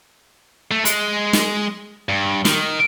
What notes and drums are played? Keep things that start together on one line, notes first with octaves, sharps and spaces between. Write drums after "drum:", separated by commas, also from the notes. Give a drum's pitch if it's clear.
A3
G#3, drum: hi-hat
drum: snare
G2
D#3, drum: snare